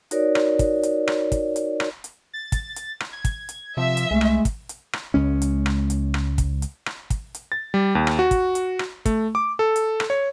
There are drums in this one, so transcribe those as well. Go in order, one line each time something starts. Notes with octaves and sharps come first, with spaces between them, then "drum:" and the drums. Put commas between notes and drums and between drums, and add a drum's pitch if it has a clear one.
D#4 F#4 A#4 C#5 D5, drum: hi-hat
drum: rim click
drum: kick, hi-hat
drum: hi-hat
drum: rim click
drum: kick, hi-hat
drum: hi-hat
drum: rim click
drum: hi-hat
A6
drum: kick, hi-hat
drum: hi-hat
drum: rim click
G#6
drum: kick, hi-hat
drum: hi-hat
C3 F3 E5
drum: hi-hat
C2 G#3 A3
drum: rim click
drum: kick, hi-hat
drum: hi-hat
drum: rim click
C#2 G#3 C#4
drum: hi-hat
drum: rim click
drum: hi-hat
drum: rim click
drum: kick, hi-hat
drum: hi-hat
drum: rim click
drum: kick, hi-hat
drum: hi-hat
A6
G3
D#2
drum: rim click
F#4
drum: kick, hi-hat
drum: hi-hat
drum: rim click
A3, drum: kick, hi-hat
D6
A4
drum: hi-hat
drum: rim click
C#5